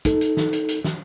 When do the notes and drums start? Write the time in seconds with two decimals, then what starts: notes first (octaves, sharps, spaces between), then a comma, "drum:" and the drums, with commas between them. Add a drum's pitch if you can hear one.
0.05 D#4 A4, drum: kick, hi-hat
0.21 drum: hi-hat
0.37 drum: snare
0.53 drum: hi-hat
0.69 drum: hi-hat
0.84 drum: snare